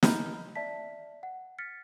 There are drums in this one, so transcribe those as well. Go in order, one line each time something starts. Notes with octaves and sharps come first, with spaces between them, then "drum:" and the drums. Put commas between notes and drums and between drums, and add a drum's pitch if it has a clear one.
D#5 A#5 B5 F6 G6, drum: snare
D5 E5 A5 B6
F#5
F6 A6 B6 C#7